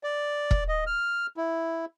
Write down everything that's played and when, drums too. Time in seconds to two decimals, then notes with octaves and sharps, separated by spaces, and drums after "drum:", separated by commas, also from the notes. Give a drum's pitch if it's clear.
0.04 D5
0.51 drum: kick E1
0.68 D#5
0.87 F6
1.37 E4